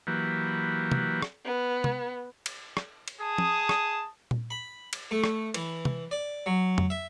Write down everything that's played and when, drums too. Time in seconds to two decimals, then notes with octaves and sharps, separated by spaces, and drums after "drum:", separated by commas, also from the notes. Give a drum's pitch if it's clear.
0.07 E3 F#3 A#3 G4 B4
0.92 drum: tom
1.22 drum: rim click
1.45 B3
1.84 drum: tom
2.46 drum: cymbal
2.77 drum: rim click
3.08 drum: cymbal
3.20 G#4 A5 D#6
3.38 drum: tom
3.69 drum: rim click
4.31 drum: tom A#2
4.50 B5
4.93 drum: cymbal
5.11 A3
5.24 drum: rim click
5.54 E3, drum: cymbal
5.85 drum: tom
6.11 D5
6.46 F#3
6.78 drum: tom F2
6.90 E5